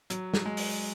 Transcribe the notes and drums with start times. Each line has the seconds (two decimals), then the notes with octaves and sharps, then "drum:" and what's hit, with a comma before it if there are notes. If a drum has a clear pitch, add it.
0.10 F#3, drum: hi-hat
0.34 drum: snare
0.46 G#3
0.57 drum: open hi-hat